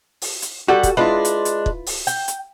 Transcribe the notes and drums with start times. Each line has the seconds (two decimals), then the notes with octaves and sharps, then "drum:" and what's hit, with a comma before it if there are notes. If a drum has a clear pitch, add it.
0.22 drum: open hi-hat
0.42 drum: hi-hat
0.68 G3 F#4 G4 A4 F#5
0.83 drum: kick, hi-hat
0.97 G#3 D4 E4 F4 B4
1.25 drum: hi-hat
1.45 drum: hi-hat
1.66 drum: kick
1.86 drum: open hi-hat
2.07 G5, drum: hi-hat
2.28 drum: hi-hat